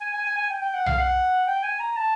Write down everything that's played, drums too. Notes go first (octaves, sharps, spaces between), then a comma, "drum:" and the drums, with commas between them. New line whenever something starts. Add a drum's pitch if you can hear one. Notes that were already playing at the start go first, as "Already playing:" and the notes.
G#5
G#5
G#5
G#5
G5
G5
F#5
F5, drum: tom B1
F#5
G5
G#5
A#5
A5